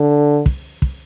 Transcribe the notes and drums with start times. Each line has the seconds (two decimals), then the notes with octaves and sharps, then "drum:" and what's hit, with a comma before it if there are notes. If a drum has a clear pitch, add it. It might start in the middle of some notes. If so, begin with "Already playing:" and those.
Already playing: D3
0.46 drum: kick
0.82 drum: kick